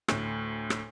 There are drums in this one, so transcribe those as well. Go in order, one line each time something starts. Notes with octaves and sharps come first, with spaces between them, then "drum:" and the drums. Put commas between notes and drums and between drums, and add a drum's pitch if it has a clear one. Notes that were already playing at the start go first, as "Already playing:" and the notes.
D2 A2, drum: rim click
drum: rim click